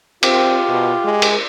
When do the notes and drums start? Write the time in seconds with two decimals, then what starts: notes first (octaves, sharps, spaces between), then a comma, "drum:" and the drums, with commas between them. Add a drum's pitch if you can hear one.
0.23 C4 F4 G4, drum: cymbal
0.69 B2
1.05 G#3
1.22 drum: cymbal